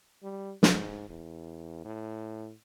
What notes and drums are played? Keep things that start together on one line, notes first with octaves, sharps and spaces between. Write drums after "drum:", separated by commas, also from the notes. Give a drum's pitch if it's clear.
G3
G#2, drum: snare
E2
A2